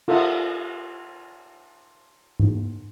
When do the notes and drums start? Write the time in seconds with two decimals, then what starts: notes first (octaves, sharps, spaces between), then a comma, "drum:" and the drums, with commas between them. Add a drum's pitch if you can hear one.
0.08 F4 A4 A#4 E5 F#5, drum: cymbal
2.39 drum: tom G#2